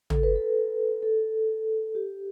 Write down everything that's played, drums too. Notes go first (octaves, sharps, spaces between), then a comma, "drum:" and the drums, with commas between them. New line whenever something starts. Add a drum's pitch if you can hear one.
A4, drum: tom
B4
A4
A4
G4